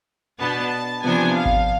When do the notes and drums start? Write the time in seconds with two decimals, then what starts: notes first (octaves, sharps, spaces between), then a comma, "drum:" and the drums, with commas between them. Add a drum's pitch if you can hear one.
0.39 B2 B3 D4 A5
1.03 C3 F3 B3 D4 G#5
1.35 F5
1.45 drum: kick G#1